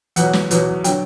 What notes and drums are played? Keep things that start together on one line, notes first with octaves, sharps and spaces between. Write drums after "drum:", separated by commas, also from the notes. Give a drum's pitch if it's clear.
E2 B2 F#3 F#5, drum: hi-hat
drum: snare
E2 B2 F#3, drum: hi-hat
D3 F#3 G5, drum: hi-hat